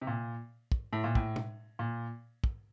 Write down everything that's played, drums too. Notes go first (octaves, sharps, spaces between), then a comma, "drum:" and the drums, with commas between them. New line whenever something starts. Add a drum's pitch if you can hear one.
C3
A#2
drum: kick
A2
A#2
A2, drum: kick
drum: tom
A#2
drum: kick